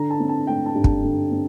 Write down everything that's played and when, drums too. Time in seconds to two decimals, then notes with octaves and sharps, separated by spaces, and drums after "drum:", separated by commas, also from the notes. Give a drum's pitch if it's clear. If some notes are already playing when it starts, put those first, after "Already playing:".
Already playing: D3 A#5
0.10 A5
0.20 C4
0.29 A5
0.47 A3 G5
0.66 A5
0.75 G2
0.84 A5, drum: kick
1.04 D3
1.31 C4